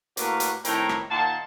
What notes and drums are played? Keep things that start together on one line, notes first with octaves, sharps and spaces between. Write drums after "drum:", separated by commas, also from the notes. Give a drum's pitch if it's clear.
A2 A#3 F#4 A#4 B4 D5, drum: hi-hat
drum: hi-hat
A2 D#3 C4 E4 G5 A#5, drum: hi-hat
drum: rim click
A#2 D#3 D#4 F#5 A5